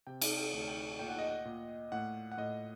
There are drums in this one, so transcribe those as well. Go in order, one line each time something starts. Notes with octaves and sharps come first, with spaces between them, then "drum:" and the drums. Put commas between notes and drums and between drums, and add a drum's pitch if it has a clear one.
C3 G5
drum: cymbal
G5
D2
G5
A#2 G5
F#5
D#5
F#5
A#2
A2 F#5
F#5
A2 D#5